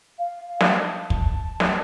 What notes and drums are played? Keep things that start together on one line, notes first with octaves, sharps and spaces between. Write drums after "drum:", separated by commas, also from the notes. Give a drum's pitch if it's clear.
F5
drum: snare
A5
drum: kick
drum: snare